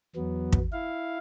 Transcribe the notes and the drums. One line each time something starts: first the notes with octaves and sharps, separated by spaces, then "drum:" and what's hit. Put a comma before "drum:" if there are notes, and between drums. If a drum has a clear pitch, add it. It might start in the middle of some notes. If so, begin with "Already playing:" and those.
E2 F#3 B3
drum: kick
E4 F5